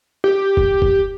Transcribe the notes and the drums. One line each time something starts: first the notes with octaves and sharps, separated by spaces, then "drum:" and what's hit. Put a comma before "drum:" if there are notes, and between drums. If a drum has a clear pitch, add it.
G4
drum: kick F1
drum: kick F1